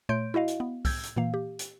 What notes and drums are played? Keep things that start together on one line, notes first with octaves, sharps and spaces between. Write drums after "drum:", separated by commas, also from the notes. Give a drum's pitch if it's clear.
A#2 A3 C#5 C6 G6 D7
E4 F#4 D#5 F5
drum: hi-hat
B3
E6 G6 G#6, drum: kick C2, open hi-hat
drum: hi-hat
A#2 E3 A#3 F5
G4
drum: hi-hat